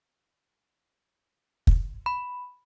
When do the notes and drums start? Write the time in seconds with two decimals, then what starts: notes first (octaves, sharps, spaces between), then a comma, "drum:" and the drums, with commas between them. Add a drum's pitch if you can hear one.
1.67 drum: kick
2.06 B5